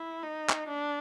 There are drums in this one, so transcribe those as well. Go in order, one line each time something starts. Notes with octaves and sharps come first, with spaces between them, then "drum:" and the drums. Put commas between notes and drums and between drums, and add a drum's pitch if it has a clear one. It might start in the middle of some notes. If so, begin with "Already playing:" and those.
Already playing: E4
D#4
drum: clap
D4